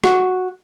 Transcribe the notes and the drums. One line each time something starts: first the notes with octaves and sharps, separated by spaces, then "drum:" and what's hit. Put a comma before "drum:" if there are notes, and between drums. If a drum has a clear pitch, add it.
F#4, drum: rim click